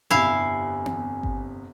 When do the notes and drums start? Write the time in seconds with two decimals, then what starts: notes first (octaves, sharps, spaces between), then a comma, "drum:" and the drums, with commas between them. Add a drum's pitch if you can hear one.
0.11 G1 C2 F2 E4 F5 G#5
0.86 drum: tom B3
1.23 drum: kick G#1